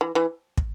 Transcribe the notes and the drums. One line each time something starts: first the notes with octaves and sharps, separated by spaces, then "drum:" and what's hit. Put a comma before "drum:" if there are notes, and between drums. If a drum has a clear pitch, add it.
E3
E3
drum: kick